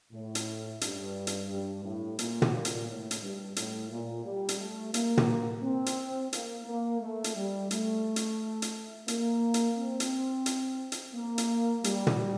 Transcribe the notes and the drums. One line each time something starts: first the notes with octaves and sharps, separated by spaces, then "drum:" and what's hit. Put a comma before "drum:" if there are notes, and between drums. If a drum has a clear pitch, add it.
A2
drum: hi-hat
G2, drum: hi-hat
drum: hi-hat
G2
A2
A#2, drum: hi-hat
drum: tom
A#2
drum: hi-hat
A2
drum: hi-hat
G2
A2, drum: hi-hat
A#2
G3
drum: hi-hat
A3
A#3, drum: hi-hat
drum: tom
C4
drum: hi-hat
A#3, drum: hi-hat
A#3
A3
drum: hi-hat
G3
A3, drum: hi-hat
drum: hi-hat
drum: hi-hat
A#3, drum: hi-hat
drum: hi-hat
C4
drum: hi-hat
drum: hi-hat
drum: hi-hat
A#3
drum: hi-hat
G3, drum: hi-hat
drum: tom